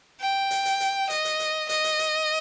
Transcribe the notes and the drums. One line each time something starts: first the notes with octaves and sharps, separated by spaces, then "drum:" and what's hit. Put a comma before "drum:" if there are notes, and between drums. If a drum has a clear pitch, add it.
G5
drum: hi-hat
drum: hi-hat
drum: hi-hat
D#5, drum: hi-hat
drum: hi-hat
drum: hi-hat
D#5, drum: hi-hat
drum: hi-hat
drum: hi-hat